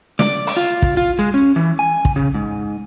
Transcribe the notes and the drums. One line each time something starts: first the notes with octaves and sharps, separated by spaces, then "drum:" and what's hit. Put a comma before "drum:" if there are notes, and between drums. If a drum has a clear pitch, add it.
D5, drum: snare
drum: open hi-hat
F4
drum: kick
F4
G#3
C#4
E3
G#5
drum: kick
C#3
G#2